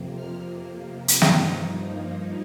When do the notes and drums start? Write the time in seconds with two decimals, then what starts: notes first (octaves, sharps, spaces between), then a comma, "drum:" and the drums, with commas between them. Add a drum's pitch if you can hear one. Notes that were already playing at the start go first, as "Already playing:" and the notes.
Already playing: F2 C3 F3 A#3
0.14 F6
1.08 drum: hi-hat
1.22 G2 F3 A#3 D#4 D#6, drum: snare